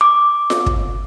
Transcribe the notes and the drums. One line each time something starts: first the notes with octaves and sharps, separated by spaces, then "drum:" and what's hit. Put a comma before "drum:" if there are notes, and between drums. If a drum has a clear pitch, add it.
D6
drum: snare F4
drum: kick